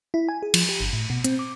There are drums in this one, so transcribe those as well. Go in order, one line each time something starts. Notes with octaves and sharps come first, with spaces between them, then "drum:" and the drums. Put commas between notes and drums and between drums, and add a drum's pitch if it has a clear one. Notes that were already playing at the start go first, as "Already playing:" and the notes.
E4
G#5
G#4
F3, drum: cymbal
G4
G1
A2
B2
C4, drum: hi-hat
D6